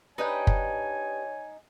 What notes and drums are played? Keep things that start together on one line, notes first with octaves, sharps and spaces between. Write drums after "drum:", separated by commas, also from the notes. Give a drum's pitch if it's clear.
D4 D#4 G4 B4 C#5 G5 G#5
drum: kick